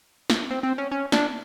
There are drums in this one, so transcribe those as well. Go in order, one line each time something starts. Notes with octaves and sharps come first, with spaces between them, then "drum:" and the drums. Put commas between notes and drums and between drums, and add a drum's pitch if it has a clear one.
drum: snare
C4
C4
C#4
C#4
D4, drum: snare